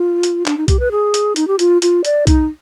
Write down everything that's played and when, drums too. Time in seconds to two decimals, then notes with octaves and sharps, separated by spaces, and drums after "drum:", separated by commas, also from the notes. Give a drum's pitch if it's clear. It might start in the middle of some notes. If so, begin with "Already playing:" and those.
Already playing: F4
0.23 drum: hi-hat
0.46 D4, drum: clap
0.58 D#4
0.68 G4, drum: kick B1, hi-hat
0.80 B4
0.91 G#4
1.14 drum: hi-hat
1.36 D#4, drum: hi-hat
1.48 G4
1.59 F4, drum: hi-hat
1.82 F4, drum: hi-hat
2.05 D5, drum: hi-hat
2.27 D#4, drum: kick B1, hi-hat